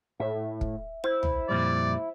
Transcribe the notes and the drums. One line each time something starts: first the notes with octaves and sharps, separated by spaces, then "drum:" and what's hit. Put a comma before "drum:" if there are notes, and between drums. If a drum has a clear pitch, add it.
A2 E5
drum: kick
E4 C5
drum: tom B1
F2 A#2 G3 D5